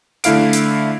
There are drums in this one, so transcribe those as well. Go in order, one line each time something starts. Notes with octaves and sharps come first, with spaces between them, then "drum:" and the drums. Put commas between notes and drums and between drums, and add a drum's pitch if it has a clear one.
D3 A3 E4 F5 D7, drum: hi-hat
drum: hi-hat